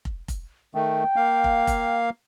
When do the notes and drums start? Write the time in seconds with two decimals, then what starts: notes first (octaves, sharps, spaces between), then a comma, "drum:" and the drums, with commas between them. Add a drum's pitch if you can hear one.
0.05 drum: kick F1
0.28 drum: kick F1, hi-hat
0.75 D#3 A3 G5
1.16 A#3 F5
1.44 drum: kick F1
1.67 drum: kick F1, hi-hat